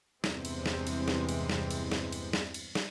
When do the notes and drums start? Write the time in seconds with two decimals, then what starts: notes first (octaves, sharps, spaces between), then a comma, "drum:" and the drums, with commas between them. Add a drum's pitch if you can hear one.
0.24 E2 G2 C3 E3 G#3 C4, drum: snare
0.45 drum: cymbal
0.66 drum: snare
0.87 drum: cymbal
1.08 drum: snare
1.29 drum: cymbal
1.50 drum: snare
1.71 drum: cymbal
1.91 drum: snare
2.12 drum: cymbal
2.33 drum: snare
2.54 drum: cymbal
2.75 drum: snare